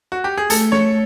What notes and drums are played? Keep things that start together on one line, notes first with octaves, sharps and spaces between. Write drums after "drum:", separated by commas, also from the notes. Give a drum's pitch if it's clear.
F#4
G4
G#4
A3 A4, drum: hi-hat
C#5, drum: snare